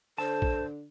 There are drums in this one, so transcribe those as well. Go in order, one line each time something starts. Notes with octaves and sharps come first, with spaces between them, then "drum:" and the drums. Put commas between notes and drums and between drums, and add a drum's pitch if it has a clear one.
D3 A4 C5 A5
drum: kick A#1